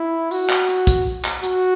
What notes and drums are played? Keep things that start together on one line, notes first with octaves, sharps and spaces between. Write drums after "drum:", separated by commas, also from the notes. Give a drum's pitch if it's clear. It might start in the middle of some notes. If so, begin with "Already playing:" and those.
Already playing: E4
F#4, drum: open hi-hat
drum: clap
drum: hi-hat
drum: kick, hi-hat
drum: clap
F#4, drum: hi-hat